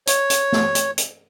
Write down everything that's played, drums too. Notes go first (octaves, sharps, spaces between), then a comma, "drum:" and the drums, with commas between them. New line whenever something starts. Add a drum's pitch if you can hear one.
C#5, drum: hi-hat
drum: hi-hat
drum: snare
drum: hi-hat
drum: hi-hat